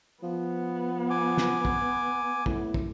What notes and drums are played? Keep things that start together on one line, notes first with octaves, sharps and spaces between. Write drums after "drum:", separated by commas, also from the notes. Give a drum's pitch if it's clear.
F3 B3
G#5 D6
drum: snare
drum: kick
A2, drum: kick
drum: kick